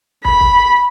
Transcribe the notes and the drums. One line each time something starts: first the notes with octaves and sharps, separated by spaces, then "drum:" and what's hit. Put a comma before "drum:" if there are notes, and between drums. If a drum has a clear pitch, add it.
B5, drum: kick
drum: kick